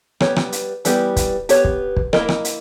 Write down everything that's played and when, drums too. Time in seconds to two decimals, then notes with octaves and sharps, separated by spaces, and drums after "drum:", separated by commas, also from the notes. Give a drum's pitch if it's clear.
0.20 G3 B3 G4 C#5, drum: rim click
0.36 drum: rim click
0.52 drum: hi-hat
0.85 E3 G3 B3 G4, drum: hi-hat
1.16 drum: kick, hi-hat
1.49 B3 G4 C#5, drum: hi-hat
1.65 drum: kick
1.97 drum: kick
2.13 A#3 E4 A#4 D#5, drum: rim click
2.29 drum: rim click
2.45 drum: hi-hat